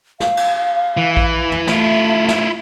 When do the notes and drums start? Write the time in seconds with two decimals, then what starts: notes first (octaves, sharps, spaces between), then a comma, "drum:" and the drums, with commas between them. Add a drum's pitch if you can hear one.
0.20 F5, drum: snare
0.37 drum: cymbal
0.97 E3
1.17 drum: kick A#1
1.52 drum: tom
1.67 A3 E4 F4, drum: snare
2.28 drum: snare